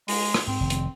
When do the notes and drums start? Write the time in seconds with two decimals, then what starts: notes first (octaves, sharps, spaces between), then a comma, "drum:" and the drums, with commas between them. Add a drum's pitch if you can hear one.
0.08 G#3, drum: open hi-hat
0.34 drum: rim click
0.47 G#2 C4
0.60 F1 D#3
0.70 drum: hi-hat